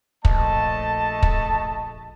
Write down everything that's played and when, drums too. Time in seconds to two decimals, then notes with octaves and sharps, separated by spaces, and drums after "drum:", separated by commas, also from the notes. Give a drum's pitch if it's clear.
0.25 A#1 A3 D#5 A5, drum: kick
1.23 drum: kick